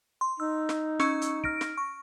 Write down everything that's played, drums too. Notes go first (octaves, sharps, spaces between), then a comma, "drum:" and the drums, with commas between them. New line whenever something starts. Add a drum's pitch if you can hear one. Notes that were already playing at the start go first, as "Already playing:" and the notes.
C6
D#4 E6
drum: snare
C#4 C#6 E6, drum: snare
drum: hi-hat
F6 A#6 D7, drum: kick
drum: snare
C#6